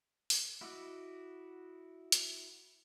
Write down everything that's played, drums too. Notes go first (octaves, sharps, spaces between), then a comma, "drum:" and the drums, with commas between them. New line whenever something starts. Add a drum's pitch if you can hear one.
drum: open hi-hat
E4 F#4 D5 D#5
drum: hi-hat